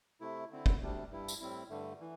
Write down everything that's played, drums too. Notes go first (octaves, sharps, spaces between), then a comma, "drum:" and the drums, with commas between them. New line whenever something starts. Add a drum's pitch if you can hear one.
C3 A3 E4
D3 C4 E4
drum: kick
D2 C3 G3 D4
G2 G3 E4
drum: tambourine
A2 G3 C4 E4
G2 D3 A3
E3